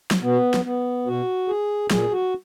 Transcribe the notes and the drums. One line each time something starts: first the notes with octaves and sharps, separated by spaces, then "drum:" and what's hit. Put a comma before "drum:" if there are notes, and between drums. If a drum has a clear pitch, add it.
drum: snare
B2 B3
drum: snare
B3
B2 F#4
G#4
A#2 G#4, drum: snare
F#4